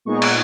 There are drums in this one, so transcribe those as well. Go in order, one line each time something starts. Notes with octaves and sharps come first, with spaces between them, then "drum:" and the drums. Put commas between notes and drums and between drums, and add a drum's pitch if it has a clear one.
A#2 G#3 B3 D#4 C#6
drum: cymbal